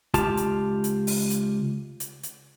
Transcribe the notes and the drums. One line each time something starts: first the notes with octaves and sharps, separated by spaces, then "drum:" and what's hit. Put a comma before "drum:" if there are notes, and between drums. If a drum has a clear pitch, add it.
C#2 F4 G4 A5, drum: kick, hi-hat
drum: hi-hat
drum: hi-hat
drum: open hi-hat
drum: hi-hat
drum: hi-hat
drum: hi-hat